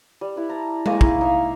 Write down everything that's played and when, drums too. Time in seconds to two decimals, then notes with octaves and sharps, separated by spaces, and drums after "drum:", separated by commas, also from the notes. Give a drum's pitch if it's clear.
0.21 G3
0.36 E4 B4
0.49 A5 A#5
0.86 G#3 A#3 D#5 C#6, drum: tom G#3
1.01 D#4 E4 A#4, drum: kick
1.21 D#4 E5 F5